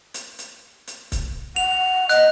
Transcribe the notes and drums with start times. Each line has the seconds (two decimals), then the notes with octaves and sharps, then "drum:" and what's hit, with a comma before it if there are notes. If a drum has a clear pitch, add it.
0.14 drum: hi-hat
0.39 drum: hi-hat
0.87 drum: hi-hat
1.12 drum: kick C#1, hi-hat
1.56 F#5 F7
2.09 D#5 F#6, drum: hi-hat